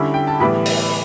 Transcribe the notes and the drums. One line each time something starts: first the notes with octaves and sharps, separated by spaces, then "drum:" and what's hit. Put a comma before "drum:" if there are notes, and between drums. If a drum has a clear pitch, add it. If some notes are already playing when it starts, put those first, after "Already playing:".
Already playing: D3 G3 C#4 E4 B5
G5
A5
A2 E3 G3 B3 B5
drum: open hi-hat